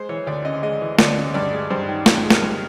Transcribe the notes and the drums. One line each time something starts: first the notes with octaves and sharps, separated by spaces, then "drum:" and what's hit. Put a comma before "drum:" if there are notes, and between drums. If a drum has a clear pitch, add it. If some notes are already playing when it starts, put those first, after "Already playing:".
Already playing: G#3 C5
E3 C#5
D2 D5
C#3 D#5
G#3 D#5
E3
D2 D5, drum: snare
C#3
G2 D5
G#3
G2 C5
D#3
G2, drum: snare
G#3
A#4, drum: snare
G2